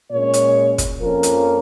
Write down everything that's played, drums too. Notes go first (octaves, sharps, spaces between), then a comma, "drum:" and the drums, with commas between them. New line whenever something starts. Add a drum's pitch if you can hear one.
A#2 G#3 C#4 C#5
drum: hi-hat
drum: kick, hi-hat
F2 F3 A#3 C#4 A#4
drum: hi-hat